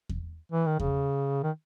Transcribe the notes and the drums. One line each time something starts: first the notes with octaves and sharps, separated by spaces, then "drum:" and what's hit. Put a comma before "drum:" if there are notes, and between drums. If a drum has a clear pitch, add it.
drum: kick E2
E3
D#3
C#3, drum: kick E2
D#3